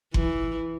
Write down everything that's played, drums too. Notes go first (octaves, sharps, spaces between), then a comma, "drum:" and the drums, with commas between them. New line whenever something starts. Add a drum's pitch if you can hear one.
E3, drum: kick F#1